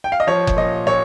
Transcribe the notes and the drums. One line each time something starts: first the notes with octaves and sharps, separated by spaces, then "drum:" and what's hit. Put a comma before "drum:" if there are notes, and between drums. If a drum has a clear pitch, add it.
G5
F5
D#5
F3 C#5
drum: kick F#1
A#2 D#5
A#2 C#5